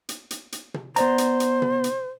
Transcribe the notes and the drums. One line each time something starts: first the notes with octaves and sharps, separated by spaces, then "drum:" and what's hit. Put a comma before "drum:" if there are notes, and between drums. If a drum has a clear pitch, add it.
drum: hi-hat
drum: hi-hat
drum: hi-hat
drum: tom
B3 C5 D5 A#5, drum: hi-hat
drum: hi-hat
drum: hi-hat
drum: tom
drum: hi-hat